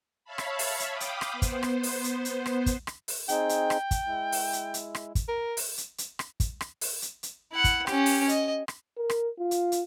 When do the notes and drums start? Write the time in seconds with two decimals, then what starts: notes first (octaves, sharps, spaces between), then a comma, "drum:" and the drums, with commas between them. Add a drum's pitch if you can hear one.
0.25 C#5 E5 F5 A5 B5
0.38 drum: rim click
0.59 drum: open hi-hat
0.80 drum: hi-hat
0.91 F5 G5 B5 D6 D#6
1.00 drum: hi-hat
1.21 drum: rim click
1.33 B3 C5
1.42 drum: kick, hi-hat
1.63 drum: rim click
1.83 drum: open hi-hat
2.04 drum: hi-hat
2.25 drum: hi-hat
2.46 drum: rim click
2.66 drum: kick, hi-hat
2.87 drum: rim click
3.08 drum: open hi-hat
3.29 C4 D#4 G#4 G5, drum: hi-hat
3.49 drum: hi-hat
3.70 drum: rim click
3.91 drum: kick, hi-hat
4.07 G#3 E4
4.32 drum: open hi-hat
4.53 drum: hi-hat
4.74 drum: hi-hat
4.95 drum: rim click
5.15 drum: kick, hi-hat
5.28 A#4
5.57 drum: open hi-hat
5.78 drum: hi-hat
5.98 drum: hi-hat
6.19 drum: rim click
6.40 drum: kick, hi-hat
6.61 drum: rim click
6.81 drum: open hi-hat
7.02 drum: hi-hat
7.23 drum: hi-hat
7.52 E4 F#5
7.64 drum: kick, hi-hat
7.87 C#4 G4, drum: rim click
8.06 drum: open hi-hat
8.29 D#5, drum: hi-hat
8.68 drum: rim click
8.97 A#4
9.10 drum: rim click
9.39 F4
9.51 drum: hi-hat
9.72 drum: hi-hat